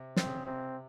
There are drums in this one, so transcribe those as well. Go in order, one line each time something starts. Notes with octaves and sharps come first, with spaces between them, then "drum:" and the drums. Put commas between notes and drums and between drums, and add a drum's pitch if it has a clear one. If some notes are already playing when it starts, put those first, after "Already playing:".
Already playing: C3
C4, drum: snare
C#3
C#3
C3 C4